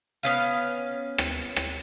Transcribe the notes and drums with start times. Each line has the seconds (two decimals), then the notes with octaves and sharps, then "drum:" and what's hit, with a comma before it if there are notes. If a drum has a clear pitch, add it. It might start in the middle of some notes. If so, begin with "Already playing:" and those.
0.23 B3 C#4 F5
1.18 drum: rim click
1.56 drum: rim click